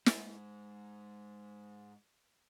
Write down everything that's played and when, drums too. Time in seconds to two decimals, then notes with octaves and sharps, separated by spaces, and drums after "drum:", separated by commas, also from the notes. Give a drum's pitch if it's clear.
0.06 G#2 G#3, drum: snare